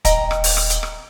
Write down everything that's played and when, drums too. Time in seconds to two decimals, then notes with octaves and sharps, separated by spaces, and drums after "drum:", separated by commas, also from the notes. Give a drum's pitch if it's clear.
0.05 D#1 D#5 G5 A#5, drum: kick, hi-hat
0.31 drum: rim click
0.44 drum: open hi-hat
0.57 drum: rim click
0.70 drum: hi-hat
0.83 drum: rim click